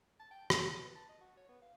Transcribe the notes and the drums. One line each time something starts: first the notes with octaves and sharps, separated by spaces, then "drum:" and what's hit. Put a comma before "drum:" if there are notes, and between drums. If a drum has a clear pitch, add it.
A5
G5
C#5, drum: rim click
C4
B4
A5
D#5
F#4
C#5
B3
F5